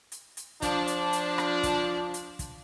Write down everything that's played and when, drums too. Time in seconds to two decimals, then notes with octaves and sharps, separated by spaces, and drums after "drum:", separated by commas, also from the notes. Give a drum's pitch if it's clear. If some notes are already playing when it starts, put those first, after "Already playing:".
0.12 drum: hi-hat
0.37 drum: hi-hat
0.62 F3 D4, drum: kick, hi-hat
0.87 drum: hi-hat
1.13 drum: hi-hat
1.38 drum: rim click
1.63 drum: kick, hi-hat
2.14 drum: hi-hat
2.39 drum: kick, hi-hat